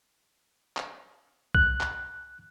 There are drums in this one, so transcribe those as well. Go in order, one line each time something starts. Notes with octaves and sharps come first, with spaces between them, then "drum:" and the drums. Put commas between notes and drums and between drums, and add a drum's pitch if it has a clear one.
drum: clap
F#6, drum: kick B1
drum: clap